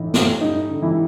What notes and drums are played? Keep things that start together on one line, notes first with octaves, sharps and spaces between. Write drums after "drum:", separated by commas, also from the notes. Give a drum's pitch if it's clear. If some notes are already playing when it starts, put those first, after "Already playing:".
Already playing: A2 E3 D#4
A2, drum: snare
G2 D#4
D3
E3 E4